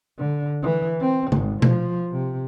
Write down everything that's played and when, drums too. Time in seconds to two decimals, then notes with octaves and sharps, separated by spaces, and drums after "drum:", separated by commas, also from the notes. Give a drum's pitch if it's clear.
0.19 D3
0.62 E3
1.00 C4
1.32 G#1, drum: tom C#3
1.62 F3, drum: tom B2
2.11 C3